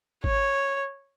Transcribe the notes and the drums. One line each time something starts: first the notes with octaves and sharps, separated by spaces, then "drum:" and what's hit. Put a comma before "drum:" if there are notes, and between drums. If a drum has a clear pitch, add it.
C#5, drum: kick G#1